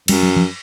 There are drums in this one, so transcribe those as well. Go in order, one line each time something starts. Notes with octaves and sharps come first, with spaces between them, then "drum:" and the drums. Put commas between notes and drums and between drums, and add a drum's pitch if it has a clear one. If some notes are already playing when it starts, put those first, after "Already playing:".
F#2 G3, drum: cymbal
F#3
F3